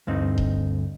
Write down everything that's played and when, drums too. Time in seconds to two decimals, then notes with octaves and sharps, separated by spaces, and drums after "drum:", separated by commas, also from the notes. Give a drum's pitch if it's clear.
0.07 D2 G2 C4 D#4
0.38 drum: kick D#1